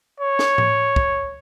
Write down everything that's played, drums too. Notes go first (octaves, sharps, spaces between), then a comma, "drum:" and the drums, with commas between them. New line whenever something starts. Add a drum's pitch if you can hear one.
C#5
drum: snare
drum: tom A2
drum: kick